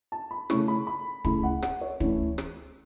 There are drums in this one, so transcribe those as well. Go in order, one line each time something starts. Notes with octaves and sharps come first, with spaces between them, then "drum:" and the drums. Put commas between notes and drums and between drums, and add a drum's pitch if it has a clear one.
A5
B5
C#3 A3 C#4 E4 C#6, drum: rim click
B5
B5
C#3 A3 E4 B5, drum: kick
F#5
F#5, drum: rim click
C#5
E3 A3 C#4 E4, drum: kick
drum: rim click